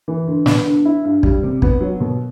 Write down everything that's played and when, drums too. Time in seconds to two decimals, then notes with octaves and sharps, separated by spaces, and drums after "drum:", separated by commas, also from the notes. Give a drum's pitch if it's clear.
0.08 E3
0.27 D2
0.46 B3, drum: snare
0.65 D3
0.85 E4
1.04 G2
1.23 G3, drum: kick
1.43 C3
1.62 B3, drum: kick
1.81 F#3
2.00 B2